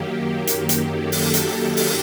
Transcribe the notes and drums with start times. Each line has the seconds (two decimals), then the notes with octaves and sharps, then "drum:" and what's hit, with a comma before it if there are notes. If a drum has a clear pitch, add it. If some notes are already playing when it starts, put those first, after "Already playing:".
Already playing: F#2 D#3 F#3 A#3 G4
0.47 drum: hi-hat
0.69 drum: hi-hat
0.91 A4
1.12 drum: open hi-hat
1.34 drum: hi-hat
1.77 drum: open hi-hat